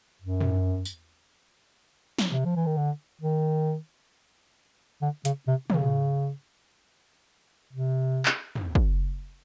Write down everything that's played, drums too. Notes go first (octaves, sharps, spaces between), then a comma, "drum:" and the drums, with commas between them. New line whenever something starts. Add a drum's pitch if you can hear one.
F#2
drum: tom
drum: tambourine
drum: snare
C3
F3
E3
D#3
D3
D#3
D3
C#3, drum: hi-hat
C3
C#3, drum: tom
C3
drum: clap
drum: tom
drum: kick